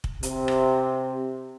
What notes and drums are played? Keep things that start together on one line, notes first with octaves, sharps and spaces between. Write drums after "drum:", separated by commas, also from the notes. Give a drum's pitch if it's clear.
drum: kick
C3, drum: hi-hat
drum: rim click